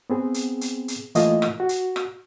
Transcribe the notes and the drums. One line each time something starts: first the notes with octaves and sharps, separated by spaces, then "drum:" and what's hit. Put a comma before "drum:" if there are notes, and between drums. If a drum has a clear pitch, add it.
B3 C4 G#4
drum: hi-hat
drum: hi-hat
drum: hi-hat
E3 A3 A#3 E4 F4 D#5, drum: hi-hat
drum: rim click
F#4
drum: hi-hat
drum: rim click